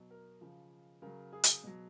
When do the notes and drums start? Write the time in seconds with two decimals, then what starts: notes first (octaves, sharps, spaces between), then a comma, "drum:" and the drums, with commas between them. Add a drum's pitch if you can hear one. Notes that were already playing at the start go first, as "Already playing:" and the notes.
Already playing: B2 F#3
0.10 A#4
0.41 C#3 F3
1.02 C#3 F#3 A#4
1.33 G#4
1.44 drum: hi-hat
1.64 B2 F#3